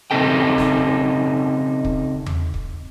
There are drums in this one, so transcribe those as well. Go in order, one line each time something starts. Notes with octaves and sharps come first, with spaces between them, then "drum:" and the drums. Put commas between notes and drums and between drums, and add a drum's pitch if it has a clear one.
C#3 F3 C4 D#4 A4 G5
drum: snare
drum: kick
drum: tom E2
drum: kick